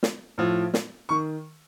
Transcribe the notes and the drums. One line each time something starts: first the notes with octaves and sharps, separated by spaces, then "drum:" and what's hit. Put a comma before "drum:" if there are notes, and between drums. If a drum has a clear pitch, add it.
drum: snare
A2 F3
drum: snare
D#3 C#6